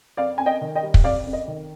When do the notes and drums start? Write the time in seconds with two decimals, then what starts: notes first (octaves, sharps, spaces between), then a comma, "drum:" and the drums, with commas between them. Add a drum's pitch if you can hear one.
0.17 F2 D5 F5
0.38 F2 G#5
0.46 D#5 G5
0.61 D#3
0.75 D#5 G5
0.83 G3
0.94 drum: kick
1.04 F2 D5 F5
1.26 F2
1.33 D#5
1.48 D#3